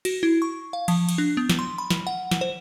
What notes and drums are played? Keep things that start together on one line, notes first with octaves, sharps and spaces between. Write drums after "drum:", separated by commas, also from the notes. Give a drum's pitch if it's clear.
F#4, drum: cymbal
E4
C#6
F5
F3, drum: cymbal
drum: cymbal
D4
B3
drum: snare
C6
B5
drum: snare
F#5
drum: snare
C5